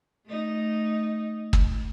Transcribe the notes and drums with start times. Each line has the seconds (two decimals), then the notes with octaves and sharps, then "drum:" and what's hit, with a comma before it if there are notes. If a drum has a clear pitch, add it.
0.26 A3 D#4
1.53 drum: kick